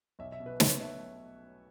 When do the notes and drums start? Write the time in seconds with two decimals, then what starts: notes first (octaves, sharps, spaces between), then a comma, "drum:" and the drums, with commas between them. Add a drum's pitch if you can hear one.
0.19 B1 E5
0.32 E5
0.40 B2
0.46 B4
0.60 B1 C#5, drum: snare
0.81 A3 E5